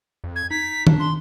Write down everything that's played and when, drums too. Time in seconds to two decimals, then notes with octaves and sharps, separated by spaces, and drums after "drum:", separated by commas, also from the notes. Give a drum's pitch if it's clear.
0.24 F2
0.36 G#6
0.51 D#4 B6
0.87 D4, drum: tom D#3
1.00 C6